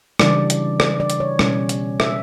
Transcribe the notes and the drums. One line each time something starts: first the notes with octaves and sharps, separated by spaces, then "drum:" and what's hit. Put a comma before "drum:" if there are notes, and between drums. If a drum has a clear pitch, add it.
C#3 E3 G3 D4 D5, drum: rim click
drum: hi-hat
D5, drum: rim click
D5
drum: hi-hat
C#5
B2 G3 C#4, drum: rim click
drum: hi-hat
E5, drum: rim click